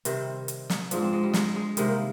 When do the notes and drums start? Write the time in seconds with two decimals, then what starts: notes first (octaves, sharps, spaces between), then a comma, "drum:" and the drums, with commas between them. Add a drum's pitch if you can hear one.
0.05 C3 D#3 G3 C4, drum: hi-hat
0.48 drum: hi-hat
0.70 drum: snare
0.91 G#2 F3 D4, drum: hi-hat
1.02 C4
1.13 G#3
1.23 G3
1.34 G#3, drum: snare
1.56 G#3
1.77 C3 D#3 G3 G#3, drum: hi-hat
1.88 A#3